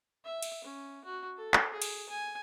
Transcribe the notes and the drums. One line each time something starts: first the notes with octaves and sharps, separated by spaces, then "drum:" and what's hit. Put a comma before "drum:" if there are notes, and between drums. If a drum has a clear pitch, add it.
E5
drum: cymbal
C#4
F#4
A4
drum: clap
G#4
drum: cymbal
G#5